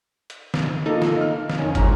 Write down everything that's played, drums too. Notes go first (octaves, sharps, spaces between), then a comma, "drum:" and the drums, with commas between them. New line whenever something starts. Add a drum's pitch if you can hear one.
drum: hi-hat
drum: snare
A#3 D#4 F4 A4
D#5, drum: snare
F6
drum: snare
F2 D#3 C#4
G#1 C#2 G#2 C#4 A#5 F6, drum: kick, hi-hat